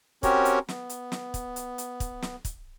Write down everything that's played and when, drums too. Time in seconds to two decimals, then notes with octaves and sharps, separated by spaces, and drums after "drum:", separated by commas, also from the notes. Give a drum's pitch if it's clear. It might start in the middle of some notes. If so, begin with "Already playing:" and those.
0.23 C4 C#4 F#4 G4 A#4 C#5, drum: kick, hi-hat
0.45 drum: hi-hat
0.69 B3, drum: snare
0.89 drum: hi-hat
1.12 drum: snare
1.34 drum: kick, hi-hat
1.56 drum: hi-hat
1.78 drum: hi-hat
2.00 drum: kick, hi-hat
2.22 drum: snare
2.45 drum: kick, hi-hat